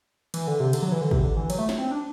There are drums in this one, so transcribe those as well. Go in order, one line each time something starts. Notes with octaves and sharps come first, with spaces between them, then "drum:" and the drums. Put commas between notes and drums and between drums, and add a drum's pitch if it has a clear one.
E3, drum: cymbal
D3
C3
D3, drum: cymbal
F#3
E3
D3
C3, drum: kick
D3
E3
F#3, drum: cymbal
A3
drum: snare
C4
D4